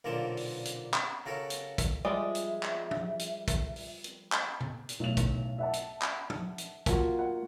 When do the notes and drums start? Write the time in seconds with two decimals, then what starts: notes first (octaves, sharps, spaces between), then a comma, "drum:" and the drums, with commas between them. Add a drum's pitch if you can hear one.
0.04 B1 A#2 D3 A#3 C4 A5
0.37 drum: open hi-hat
0.65 drum: hi-hat
0.94 drum: clap
1.26 C#3 F#4 A4 A#4 C#5
1.50 drum: hi-hat
1.78 drum: kick, hi-hat
2.05 F3 G3 G#3 D5 E5
2.35 drum: hi-hat
2.63 drum: clap
2.91 drum: tom
3.19 drum: hi-hat
3.48 drum: kick, hi-hat
3.76 drum: open hi-hat
4.04 drum: hi-hat
4.32 drum: clap
4.61 drum: tom
4.89 drum: hi-hat
5.00 B1 A2 F7
5.17 drum: kick, hi-hat
5.58 E5 F#5 A5
5.73 drum: hi-hat
6.02 drum: clap
6.30 drum: tom
6.58 drum: hi-hat
6.86 A#3 F4 F#4, drum: kick, hi-hat
7.19 F#5